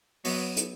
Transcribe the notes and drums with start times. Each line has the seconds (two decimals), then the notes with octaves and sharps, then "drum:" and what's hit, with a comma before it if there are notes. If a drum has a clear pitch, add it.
0.24 F#3 B3, drum: open hi-hat
0.57 drum: hi-hat